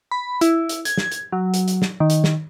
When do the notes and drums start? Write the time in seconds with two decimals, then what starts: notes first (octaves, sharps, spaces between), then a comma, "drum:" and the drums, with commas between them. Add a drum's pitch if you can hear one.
0.12 B5
0.41 E4, drum: hi-hat
0.69 drum: hi-hat
0.85 G#6, drum: hi-hat
0.98 drum: snare
1.12 drum: hi-hat
1.33 F#3
1.54 drum: hi-hat
1.68 drum: hi-hat
1.82 drum: snare
2.00 D#3
2.10 drum: hi-hat
2.24 drum: snare